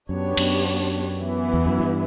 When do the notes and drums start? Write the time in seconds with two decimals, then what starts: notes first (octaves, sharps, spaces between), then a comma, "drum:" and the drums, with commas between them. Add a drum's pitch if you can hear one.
0.09 F#2 B3 D4 G4 C#5
0.37 F#2, drum: cymbal
1.22 E3 B3 E4
1.53 E2
1.66 F#2
1.80 G2